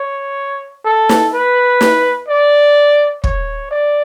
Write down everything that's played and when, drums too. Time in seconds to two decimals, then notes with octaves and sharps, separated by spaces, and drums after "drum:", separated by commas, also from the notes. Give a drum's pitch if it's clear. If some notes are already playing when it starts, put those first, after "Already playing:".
Already playing: C#5
0.85 A4
1.09 drum: snare
1.34 B4
1.81 drum: snare
2.28 D5
3.24 C#5, drum: kick
3.71 D5